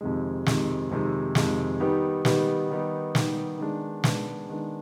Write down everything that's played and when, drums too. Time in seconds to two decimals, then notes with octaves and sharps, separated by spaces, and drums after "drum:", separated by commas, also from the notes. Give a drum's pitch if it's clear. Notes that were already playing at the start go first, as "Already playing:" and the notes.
0.01 F2 C3 D#3 G#3
0.46 F2 C3 D#3 G#3, drum: snare
0.91 F2 C3 D#3 G#3
1.35 F2 C3 D#3 G#3, drum: snare
1.80 D#3 G3 B3 D#4 G4
2.25 D#3 G3 B3 D#4 G4, drum: snare
2.70 D#3 G3 B3 D#4 G4
3.15 D#3 G3 B3 D#4 G4, drum: snare
3.59 D#3 G#3 B3 D4
4.04 D#3 G#3 B3 D4, drum: snare
4.49 D#3 G#3 B3 D4